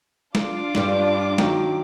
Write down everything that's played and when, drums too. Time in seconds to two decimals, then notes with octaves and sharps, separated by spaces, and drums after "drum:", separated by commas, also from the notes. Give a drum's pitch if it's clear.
0.35 D4 F4 D6, drum: snare
0.75 G2 G3, drum: snare
1.38 D#3 F#3, drum: snare